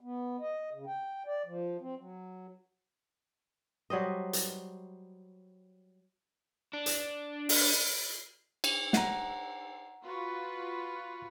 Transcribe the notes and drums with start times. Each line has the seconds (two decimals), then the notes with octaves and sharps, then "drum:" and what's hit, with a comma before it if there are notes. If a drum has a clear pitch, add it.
0.01 B3
0.40 D#5
0.73 C#3
0.86 G5
1.26 D5
1.46 F3
1.81 C4
1.98 F#3
3.90 F#3 G3 C5 D#5
4.33 drum: hi-hat
6.73 D4
6.86 drum: hi-hat
7.49 drum: open hi-hat
8.64 drum: cymbal
8.93 F#5 A#5, drum: snare
10.03 F4 F#4 B4